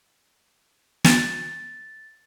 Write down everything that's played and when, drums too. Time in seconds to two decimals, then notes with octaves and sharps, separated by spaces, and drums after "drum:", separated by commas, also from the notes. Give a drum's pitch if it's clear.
1.04 A6, drum: snare